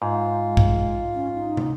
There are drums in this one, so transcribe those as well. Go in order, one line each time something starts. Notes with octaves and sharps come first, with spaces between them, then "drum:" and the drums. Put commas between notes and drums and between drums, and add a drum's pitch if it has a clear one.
G#2 F4
G#3
drum: kick
C#4
D#4
drum: tom